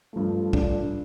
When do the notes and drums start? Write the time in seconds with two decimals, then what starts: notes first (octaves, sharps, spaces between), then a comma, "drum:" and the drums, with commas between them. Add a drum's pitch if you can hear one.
0.13 G2 F3 A3
0.53 D4, drum: kick